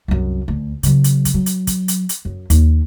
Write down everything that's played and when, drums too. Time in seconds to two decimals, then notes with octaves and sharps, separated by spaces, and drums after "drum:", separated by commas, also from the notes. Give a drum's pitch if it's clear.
0.08 C2 F#2
0.48 D2
0.83 C#3 F#3, drum: hi-hat
1.04 drum: hi-hat
1.25 drum: kick, hi-hat
1.34 F#3
1.46 drum: hi-hat
1.67 drum: kick, hi-hat
1.88 drum: hi-hat
2.09 drum: hi-hat
2.25 F#2
2.50 D#2, drum: hi-hat